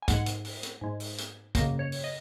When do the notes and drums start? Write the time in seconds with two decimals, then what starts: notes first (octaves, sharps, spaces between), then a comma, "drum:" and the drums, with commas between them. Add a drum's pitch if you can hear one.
0.02 G#5
0.08 G#2 G#3 F#5, drum: kick, hi-hat
0.26 drum: hi-hat
0.45 drum: open hi-hat
0.63 drum: hi-hat
0.81 G#2 G#3
1.00 drum: open hi-hat
1.18 drum: hi-hat
1.55 F#2 C#3 A#3 D#5, drum: kick, hi-hat
1.79 C#5
1.92 drum: open hi-hat
2.04 D#5